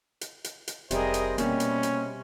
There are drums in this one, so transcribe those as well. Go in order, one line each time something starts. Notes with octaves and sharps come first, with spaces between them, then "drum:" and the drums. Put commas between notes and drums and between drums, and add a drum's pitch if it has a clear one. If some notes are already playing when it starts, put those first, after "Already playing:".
drum: hi-hat
drum: hi-hat
drum: hi-hat
F1 C3 G3 G#4 A#4 C5 D#5, drum: hi-hat
drum: hi-hat
B2 G3 A#3 C4 C#4, drum: hi-hat
drum: hi-hat
drum: hi-hat